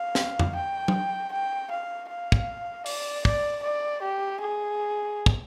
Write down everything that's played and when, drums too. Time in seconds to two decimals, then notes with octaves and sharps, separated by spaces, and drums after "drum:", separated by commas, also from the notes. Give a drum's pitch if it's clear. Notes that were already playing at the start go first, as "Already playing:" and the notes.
Already playing: F5
0.15 drum: snare
0.39 drum: tom F2
0.55 G5
0.88 drum: tom F#3
1.32 G5
1.70 F5
2.09 F5
2.32 drum: kick
2.86 D5, drum: open hi-hat
3.25 D5, drum: kick
3.63 D5
4.02 G4
4.40 G#4
5.26 drum: kick